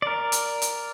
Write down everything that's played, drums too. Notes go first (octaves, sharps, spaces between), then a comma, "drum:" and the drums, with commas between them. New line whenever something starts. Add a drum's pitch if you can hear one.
A#4 D5
drum: hi-hat
drum: hi-hat